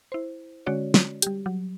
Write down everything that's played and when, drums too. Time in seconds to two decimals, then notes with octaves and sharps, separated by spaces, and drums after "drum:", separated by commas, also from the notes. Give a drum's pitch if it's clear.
0.12 E4 C5
0.66 D3 G#3 C#4 F#4 C#5 D5
0.94 drum: snare
1.22 G3 G4, drum: hi-hat
1.46 F#3